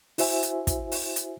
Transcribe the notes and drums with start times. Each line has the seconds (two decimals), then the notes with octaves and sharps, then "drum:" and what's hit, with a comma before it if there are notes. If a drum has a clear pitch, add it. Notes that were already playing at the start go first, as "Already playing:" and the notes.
0.18 E4 F#4 C5 E5 G#5, drum: open hi-hat
0.43 drum: hi-hat
0.67 drum: kick, hi-hat
0.92 drum: open hi-hat
1.16 drum: hi-hat